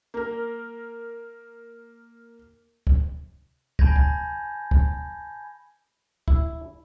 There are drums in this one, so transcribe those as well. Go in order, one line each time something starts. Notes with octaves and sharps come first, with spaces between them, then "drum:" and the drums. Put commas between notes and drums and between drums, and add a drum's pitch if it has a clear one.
A#3 A#4
drum: kick
G#5 A5 B5 G6 G#6 A#6, drum: kick
drum: kick
drum: kick
E4, drum: kick